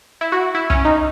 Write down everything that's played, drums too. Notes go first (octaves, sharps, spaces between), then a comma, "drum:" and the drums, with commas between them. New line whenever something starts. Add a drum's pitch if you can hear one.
E4
F#4
E4
C#4, drum: kick
D#4